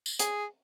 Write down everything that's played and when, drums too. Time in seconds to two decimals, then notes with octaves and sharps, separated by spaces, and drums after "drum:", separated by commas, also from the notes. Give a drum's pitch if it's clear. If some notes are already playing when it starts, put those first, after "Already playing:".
0.06 drum: tambourine
0.19 G#4, drum: hi-hat